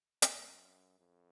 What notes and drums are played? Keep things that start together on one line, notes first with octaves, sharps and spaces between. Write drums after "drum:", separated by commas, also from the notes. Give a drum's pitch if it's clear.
F#2, drum: hi-hat
F2